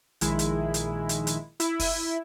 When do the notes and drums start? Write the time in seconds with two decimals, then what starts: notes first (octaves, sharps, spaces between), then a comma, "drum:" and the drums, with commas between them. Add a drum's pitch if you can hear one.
0.21 A#1 D#3 G#3 E4, drum: hi-hat
0.39 drum: hi-hat
0.74 drum: hi-hat
1.09 drum: hi-hat
1.27 drum: hi-hat
1.60 E4, drum: hi-hat
1.80 drum: kick, open hi-hat